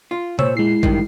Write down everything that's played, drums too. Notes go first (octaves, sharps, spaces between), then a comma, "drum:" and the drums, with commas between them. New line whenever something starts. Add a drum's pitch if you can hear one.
F4
A#2 C5 C#5 C#6 E6, drum: tom C3
G#3 E4 C7
D2 G2 D#3, drum: kick